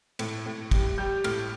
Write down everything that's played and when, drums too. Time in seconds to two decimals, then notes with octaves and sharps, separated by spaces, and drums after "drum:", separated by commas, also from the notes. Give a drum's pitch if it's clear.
0.19 A2, drum: cymbal
0.46 A2
0.71 G3, drum: kick, cymbal
0.98 G3 G6
1.24 A2 F6, drum: cymbal